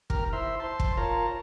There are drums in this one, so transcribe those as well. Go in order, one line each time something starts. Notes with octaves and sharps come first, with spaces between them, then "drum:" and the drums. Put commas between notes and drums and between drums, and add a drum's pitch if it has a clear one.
D#2 G4 A#4 A#5 F6, drum: kick
E4 C5 E5 C6
C5 A5 C6
drum: kick
F4 A#4 C#5 A5 A#5